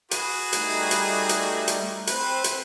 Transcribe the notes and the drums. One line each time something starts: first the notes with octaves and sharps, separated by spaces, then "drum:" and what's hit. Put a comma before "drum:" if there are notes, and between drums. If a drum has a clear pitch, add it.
F#4 G#4 B4, drum: hi-hat
G3 A3 D#4, drum: hi-hat
drum: hi-hat
drum: hi-hat
drum: hi-hat
C4 B4 C5, drum: hi-hat
drum: hi-hat